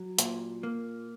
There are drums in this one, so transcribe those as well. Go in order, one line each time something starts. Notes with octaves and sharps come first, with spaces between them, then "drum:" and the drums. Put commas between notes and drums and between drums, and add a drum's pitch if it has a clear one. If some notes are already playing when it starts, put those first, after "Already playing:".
Already playing: F#3
A#2, drum: hi-hat
A#3